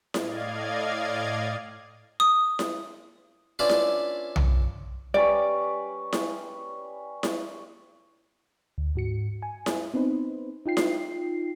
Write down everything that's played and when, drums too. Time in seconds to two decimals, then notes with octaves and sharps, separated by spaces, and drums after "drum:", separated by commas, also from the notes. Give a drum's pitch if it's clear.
0.14 A2 D5 D#5 F5 G#6, drum: snare E4
2.20 D#6
2.59 drum: snare E4
3.59 C#4 D4 E4 F4 B4 D5
3.69 drum: snare E4
4.36 drum: tom B1
5.14 G3 C#4 B4 D5
6.13 drum: snare E4
7.23 drum: snare E4
8.78 D2
8.95 G#2 F#4 C#7
9.42 G#5
9.66 drum: snare E4
9.94 B3 C4 D#4 B4 C5
10.66 D#4 F4 G5 C7
10.77 drum: snare E4